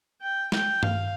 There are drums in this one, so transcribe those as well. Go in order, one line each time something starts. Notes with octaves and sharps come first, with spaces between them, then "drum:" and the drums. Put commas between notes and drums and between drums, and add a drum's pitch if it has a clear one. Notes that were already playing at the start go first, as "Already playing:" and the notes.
G5
G5, drum: snare
F5, drum: tom G2